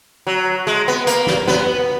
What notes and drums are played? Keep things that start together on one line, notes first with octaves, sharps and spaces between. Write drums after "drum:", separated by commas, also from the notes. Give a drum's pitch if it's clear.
F#3
G#3
B3
A#3, drum: hi-hat
drum: snare
B3, drum: snare